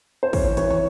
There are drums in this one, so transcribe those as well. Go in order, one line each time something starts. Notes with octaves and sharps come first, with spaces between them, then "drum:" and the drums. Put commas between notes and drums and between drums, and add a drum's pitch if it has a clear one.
C5
E3 C#5, drum: kick, open hi-hat
E3 C#5, drum: hi-hat
C#5